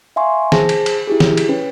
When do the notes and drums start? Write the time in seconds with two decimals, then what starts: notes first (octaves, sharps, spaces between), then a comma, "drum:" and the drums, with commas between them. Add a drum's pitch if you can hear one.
0.16 E5 F5 G#5 C6 C#6
0.52 G#4 C5 A5 A#6, drum: snare
0.69 drum: cymbal
0.86 drum: cymbal
1.07 E4 G4 G#4
1.20 drum: snare
1.37 drum: cymbal
1.49 C#4 B4